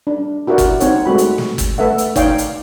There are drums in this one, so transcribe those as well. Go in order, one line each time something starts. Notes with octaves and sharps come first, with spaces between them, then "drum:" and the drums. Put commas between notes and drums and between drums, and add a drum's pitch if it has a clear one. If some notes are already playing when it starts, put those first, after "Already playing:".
D4
E4 F#4 G4 A#4 D5 F#5
drum: kick, hi-hat
C4 D#4 C#5 F#5, drum: hi-hat
G#3 A3 C4 F#4 B5
drum: hi-hat
drum: snare
drum: kick, hi-hat
A3 A4 B4 E5 F#5
drum: hi-hat
D#4 C#5 D5 F5 G5, drum: kick, hi-hat
drum: hi-hat